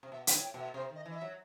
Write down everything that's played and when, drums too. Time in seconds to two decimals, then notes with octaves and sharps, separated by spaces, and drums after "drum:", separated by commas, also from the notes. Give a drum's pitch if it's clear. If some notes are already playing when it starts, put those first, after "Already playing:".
0.03 C3
0.12 B2 E5
0.27 G5, drum: hi-hat
0.33 A2
0.43 G5
0.54 B2
0.59 E5
0.74 C3 C5
0.90 D#3
0.95 D#5
1.06 E3
1.11 D#5
1.16 E5
1.21 F#3